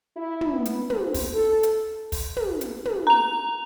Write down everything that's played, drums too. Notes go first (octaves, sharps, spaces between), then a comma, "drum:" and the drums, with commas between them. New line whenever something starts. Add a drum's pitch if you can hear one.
E4
drum: tom
B3
drum: hi-hat
C4, drum: tom
drum: kick, open hi-hat
A4
drum: hi-hat
drum: kick, open hi-hat
drum: tom
drum: hi-hat
drum: tom
A#5 F7